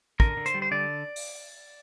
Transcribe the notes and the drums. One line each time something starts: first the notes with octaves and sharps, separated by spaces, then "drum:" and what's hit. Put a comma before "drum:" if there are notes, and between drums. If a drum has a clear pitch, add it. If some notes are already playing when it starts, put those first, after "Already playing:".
D3 A#4, drum: kick
D3
C5, drum: hi-hat
G3
C5
D3 D5
drum: open hi-hat